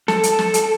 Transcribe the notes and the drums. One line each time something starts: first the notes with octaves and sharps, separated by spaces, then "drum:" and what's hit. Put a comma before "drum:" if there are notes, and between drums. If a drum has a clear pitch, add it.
A4, drum: snare
drum: hi-hat
drum: snare
drum: hi-hat